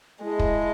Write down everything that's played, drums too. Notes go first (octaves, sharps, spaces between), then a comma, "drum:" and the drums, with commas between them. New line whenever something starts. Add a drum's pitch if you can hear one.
G#3 E4 G#4 D#5 A5
drum: kick